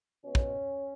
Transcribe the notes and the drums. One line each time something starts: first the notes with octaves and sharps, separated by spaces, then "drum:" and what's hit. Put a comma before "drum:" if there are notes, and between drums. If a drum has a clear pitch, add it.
B2 G#3 B3 C#4
drum: kick